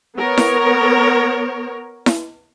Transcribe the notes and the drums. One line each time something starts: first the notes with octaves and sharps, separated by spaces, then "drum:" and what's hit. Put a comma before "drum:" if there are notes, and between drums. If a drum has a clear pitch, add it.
B3 A#4 C#5
drum: snare E4
drum: snare E4